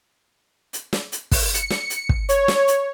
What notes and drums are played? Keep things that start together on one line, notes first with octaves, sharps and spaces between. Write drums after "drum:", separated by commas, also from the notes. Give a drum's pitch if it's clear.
drum: hi-hat
drum: snare
drum: hi-hat
drum: kick, open hi-hat
C#7, drum: hi-hat
drum: snare
drum: hi-hat
drum: kick
C#5, drum: hi-hat
drum: snare
drum: hi-hat